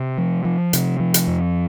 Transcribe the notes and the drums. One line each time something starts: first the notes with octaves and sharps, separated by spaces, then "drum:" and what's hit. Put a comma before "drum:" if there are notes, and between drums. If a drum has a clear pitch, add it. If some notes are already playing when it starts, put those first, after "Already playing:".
Already playing: C3
F3
F3
C3, drum: hi-hat
F3
drum: hi-hat
F2